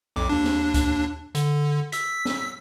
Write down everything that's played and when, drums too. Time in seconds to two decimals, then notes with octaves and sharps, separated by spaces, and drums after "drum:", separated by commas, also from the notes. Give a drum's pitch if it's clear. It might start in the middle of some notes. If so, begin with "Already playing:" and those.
0.16 B1 F2 D6
0.29 D#2 D4
0.44 drum: snare
0.74 drum: kick C#2, hi-hat
1.35 D3, drum: hi-hat
1.92 E6 B6, drum: hi-hat
2.25 drum: snare